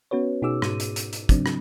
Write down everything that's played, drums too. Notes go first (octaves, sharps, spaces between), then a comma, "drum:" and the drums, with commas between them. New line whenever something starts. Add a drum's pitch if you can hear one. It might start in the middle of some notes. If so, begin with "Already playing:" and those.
B3 C#4 F#4 B4 C#5
B2 D#4 F#4 G#4 D6 E6
G#2 D#7, drum: rim click
drum: hi-hat
drum: hi-hat
drum: hi-hat
C#3 F#3 C4 D4, drum: kick, hi-hat
drum: rim click